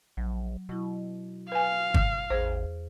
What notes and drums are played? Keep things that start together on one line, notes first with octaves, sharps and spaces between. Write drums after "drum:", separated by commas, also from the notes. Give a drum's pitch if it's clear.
A#1 F#3
B2 F#3 E4
B4 F5 G#5
drum: kick G1
A1 E2 G#4 C5 G#6